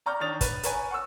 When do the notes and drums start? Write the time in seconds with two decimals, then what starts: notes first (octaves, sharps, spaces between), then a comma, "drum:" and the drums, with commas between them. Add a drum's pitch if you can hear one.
0.06 D5 A#5 C#6 F6 G6
0.20 D#3 D4 C#5 D#6 A6 F7
0.41 B4, drum: kick, hi-hat
0.63 A#4 B4 C#5 G#5, drum: hi-hat
0.91 F#5 C#6 E6